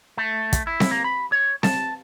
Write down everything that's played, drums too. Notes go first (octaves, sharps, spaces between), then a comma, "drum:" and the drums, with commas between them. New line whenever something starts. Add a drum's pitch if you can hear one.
A3
drum: kick, hi-hat
E4
drum: snare C4
A#3
B5
C#5
A5, drum: snare C4